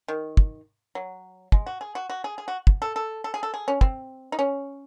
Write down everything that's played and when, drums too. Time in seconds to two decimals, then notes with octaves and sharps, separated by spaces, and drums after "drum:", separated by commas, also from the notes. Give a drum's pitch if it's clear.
0.08 D#3
0.37 drum: kick
0.95 F#3
1.52 G#3, drum: kick
1.66 F#4
1.81 G#4
1.95 F#4
2.10 F#4
2.24 G#4
2.38 G#4
2.48 F#4
2.67 drum: kick
2.82 A4
2.96 A4
3.24 A4
3.34 G#4
3.43 A4
3.54 G#4
3.68 C#4
3.81 C4, drum: kick
4.32 D#4
4.39 C#4